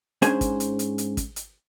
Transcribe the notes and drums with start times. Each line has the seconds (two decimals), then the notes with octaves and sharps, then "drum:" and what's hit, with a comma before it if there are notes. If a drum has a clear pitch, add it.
0.22 G#2 C#4 D4 G#4 C5 G#5, drum: hi-hat
0.41 drum: kick, hi-hat
0.60 drum: hi-hat
0.79 drum: hi-hat
0.98 drum: hi-hat
1.17 drum: kick, hi-hat
1.36 drum: hi-hat